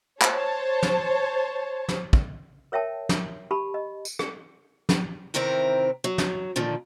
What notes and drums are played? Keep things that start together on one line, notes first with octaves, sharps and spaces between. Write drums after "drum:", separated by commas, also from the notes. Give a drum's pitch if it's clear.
C5 C#5 A5, drum: clap
drum: snare
drum: snare
drum: kick
A#4 C#5 E5 G5 A5
drum: snare
G4 A5 B5
D#5
drum: tambourine
drum: rim click
drum: snare
C3 D#3 E3 C4 A#4
F#3
drum: snare
A#2 D3 D#3 F3